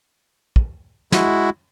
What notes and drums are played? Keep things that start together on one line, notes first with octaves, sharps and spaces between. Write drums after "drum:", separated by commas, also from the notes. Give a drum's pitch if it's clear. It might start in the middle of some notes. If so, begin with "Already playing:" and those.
drum: kick
G#3 E4 F#4, drum: snare